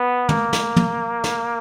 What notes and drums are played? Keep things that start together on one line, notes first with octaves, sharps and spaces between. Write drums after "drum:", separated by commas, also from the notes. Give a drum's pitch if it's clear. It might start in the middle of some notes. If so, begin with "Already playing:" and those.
Already playing: B3
A#3, drum: tom
drum: snare
drum: tom
drum: snare